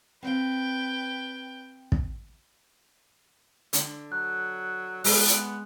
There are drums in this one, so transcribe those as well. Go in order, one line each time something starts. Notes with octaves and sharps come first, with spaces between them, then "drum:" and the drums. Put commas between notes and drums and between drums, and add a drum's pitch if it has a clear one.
C4 B4 F5 G5
drum: kick
D3, drum: hi-hat
F#3 F#6
G#3 B3, drum: open hi-hat
drum: hi-hat